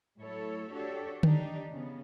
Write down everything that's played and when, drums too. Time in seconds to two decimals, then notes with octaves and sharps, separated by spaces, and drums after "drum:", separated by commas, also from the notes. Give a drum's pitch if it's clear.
0.19 A2 F#3 E4 A4 C#5
0.71 D4 F#4 G4 A4 C#5
1.23 D4 D#4 G4, drum: tom D3
1.71 C#3 B3